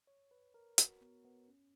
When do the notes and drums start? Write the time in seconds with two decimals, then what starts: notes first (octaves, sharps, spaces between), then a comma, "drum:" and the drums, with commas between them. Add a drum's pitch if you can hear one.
0.07 C#5
0.31 B4
0.54 A#4
0.78 F#4, drum: hi-hat
1.01 B3
1.25 B3
1.48 C#4